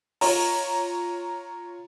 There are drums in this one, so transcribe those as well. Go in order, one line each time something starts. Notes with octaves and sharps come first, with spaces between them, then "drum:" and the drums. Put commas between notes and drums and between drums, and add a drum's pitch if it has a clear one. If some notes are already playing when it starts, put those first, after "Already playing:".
F4 C#5 A#5, drum: open hi-hat